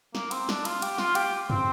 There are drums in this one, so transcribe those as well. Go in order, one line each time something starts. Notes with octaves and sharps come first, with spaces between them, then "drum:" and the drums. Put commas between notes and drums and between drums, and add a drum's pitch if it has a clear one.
A#3, drum: snare
C4, drum: cymbal
D4, drum: snare
F4, drum: cymbal
G4, drum: cymbal
F4, drum: snare
G4, drum: cymbal
C4, drum: tom F2